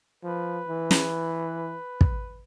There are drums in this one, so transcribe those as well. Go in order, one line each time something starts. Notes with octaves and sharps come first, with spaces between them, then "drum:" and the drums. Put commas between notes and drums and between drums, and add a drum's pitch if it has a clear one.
F3 B4
E3
drum: snare
drum: kick